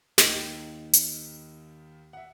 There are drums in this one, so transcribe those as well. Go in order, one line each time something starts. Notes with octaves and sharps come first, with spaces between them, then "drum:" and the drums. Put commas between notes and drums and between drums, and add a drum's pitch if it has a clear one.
D#2 D#3 D#4, drum: snare
drum: hi-hat
E5 F#5